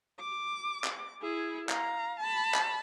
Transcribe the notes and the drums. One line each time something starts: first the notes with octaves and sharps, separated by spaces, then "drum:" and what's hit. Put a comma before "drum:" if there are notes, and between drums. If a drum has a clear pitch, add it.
D6
drum: clap
E4 G#4
F5 A#5, drum: clap
A5 B5
drum: clap